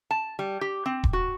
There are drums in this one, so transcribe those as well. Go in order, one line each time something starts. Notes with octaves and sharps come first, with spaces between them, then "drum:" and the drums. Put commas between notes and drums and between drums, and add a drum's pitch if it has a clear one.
A5
G3
G4
C4
drum: kick D#1
F#4